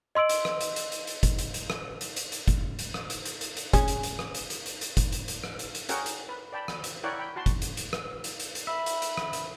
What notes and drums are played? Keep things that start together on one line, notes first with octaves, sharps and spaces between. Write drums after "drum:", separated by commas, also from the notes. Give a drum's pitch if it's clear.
D#5 C6 E6 D7 F#7
drum: hi-hat
drum: rim click
drum: hi-hat
drum: hi-hat
drum: hi-hat
drum: hi-hat
drum: kick, hi-hat
drum: hi-hat
drum: hi-hat
drum: rim click
drum: hi-hat
drum: hi-hat
drum: hi-hat
drum: kick, hi-hat
drum: hi-hat
drum: rim click
drum: hi-hat
drum: hi-hat
drum: hi-hat
drum: hi-hat
C#4 G#4, drum: kick, hi-hat
drum: hi-hat
drum: hi-hat
drum: rim click
drum: hi-hat
drum: hi-hat
drum: hi-hat
drum: hi-hat
drum: kick, hi-hat
drum: hi-hat
drum: hi-hat
drum: rim click
drum: hi-hat
drum: hi-hat
C#4 F#4 G#4 A#4 F#5 G5, drum: hi-hat
drum: hi-hat
B4
D5 G5 A5 B5
drum: rim click
drum: hi-hat
E4 A#4 C#5 D5 F#5 G5
G5 B5
F#4 A5 C6
drum: kick, hi-hat
drum: hi-hat
drum: hi-hat
drum: rim click
drum: hi-hat
drum: hi-hat
drum: hi-hat
E5 B5
drum: hi-hat
drum: hi-hat
drum: rim click
drum: hi-hat